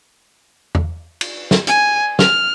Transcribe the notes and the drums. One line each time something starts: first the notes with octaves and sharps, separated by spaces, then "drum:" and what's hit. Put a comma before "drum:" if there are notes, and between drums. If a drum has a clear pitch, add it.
drum: tom E2
drum: cymbal
drum: snare
G#5, drum: hi-hat
F6, drum: snare